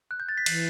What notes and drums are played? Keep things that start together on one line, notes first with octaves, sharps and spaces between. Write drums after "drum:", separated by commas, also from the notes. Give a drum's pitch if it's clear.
F#6
G6
A6
B6
E3 C7, drum: cymbal